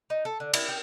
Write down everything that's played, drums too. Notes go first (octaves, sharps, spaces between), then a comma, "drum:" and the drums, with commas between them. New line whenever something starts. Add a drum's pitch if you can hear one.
D#4
A4
D3
E4, drum: cymbal
G5